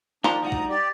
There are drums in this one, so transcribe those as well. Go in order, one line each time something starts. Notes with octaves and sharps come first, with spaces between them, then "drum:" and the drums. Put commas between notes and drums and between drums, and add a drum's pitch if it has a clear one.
D#3 F3 D4 D#4 A#5 C6, drum: snare
D2 G3 D#4 F#5 A#5 D#6
drum: kick A1
G4 D5